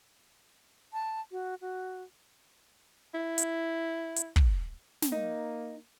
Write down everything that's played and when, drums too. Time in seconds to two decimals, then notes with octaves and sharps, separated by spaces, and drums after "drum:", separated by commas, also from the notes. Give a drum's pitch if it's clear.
0.93 A5
1.32 F#4
1.61 F#4
3.14 E4
3.38 drum: hi-hat
4.16 drum: hi-hat
4.36 drum: kick
5.02 drum: snare
5.12 A#3 D#4